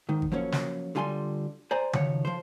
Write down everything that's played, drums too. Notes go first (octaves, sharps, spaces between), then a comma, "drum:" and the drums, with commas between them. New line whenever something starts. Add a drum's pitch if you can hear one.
G#2 D#3
drum: kick G#1
F3 F#3 A#3 C#4 C#5
drum: snare
D3 G3 F4 G#5 A5 C6
C5 D5 G#5 A#5
F#2 D#3 F3 C#5, drum: tom C#3
F3 C5